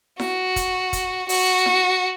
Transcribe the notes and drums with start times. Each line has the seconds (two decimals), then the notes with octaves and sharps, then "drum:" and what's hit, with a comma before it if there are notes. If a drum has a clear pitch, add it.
0.20 F#4, drum: snare E4
0.56 drum: kick, hi-hat
0.93 drum: kick, hi-hat
1.29 F#4, drum: open hi-hat
1.66 drum: snare E4